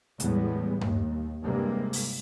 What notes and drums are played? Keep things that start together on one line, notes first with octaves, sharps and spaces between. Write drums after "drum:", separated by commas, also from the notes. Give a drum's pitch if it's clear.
E2 A2 G3 G#3 B3, drum: hi-hat
D#2, drum: tom G2
G2 C3 G3 G#3 A#3
drum: open hi-hat